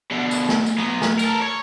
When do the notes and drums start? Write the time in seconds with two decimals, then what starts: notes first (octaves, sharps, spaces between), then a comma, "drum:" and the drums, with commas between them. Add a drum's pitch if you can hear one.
0.11 B2 D3
0.31 drum: tambourine
0.49 drum: snare
0.66 drum: tambourine
0.78 F#3 B3
1.02 drum: snare
1.19 A4 A#4, drum: tambourine
1.42 C#5